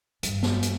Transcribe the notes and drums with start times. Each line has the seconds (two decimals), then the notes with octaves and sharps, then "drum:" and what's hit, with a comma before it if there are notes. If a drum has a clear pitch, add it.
0.23 G2, drum: hi-hat
0.43 drum: snare
0.63 drum: hi-hat